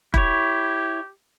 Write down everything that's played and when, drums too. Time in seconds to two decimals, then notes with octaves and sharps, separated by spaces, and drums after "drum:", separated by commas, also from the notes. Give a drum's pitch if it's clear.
0.14 E4 G4 C#5, drum: kick E1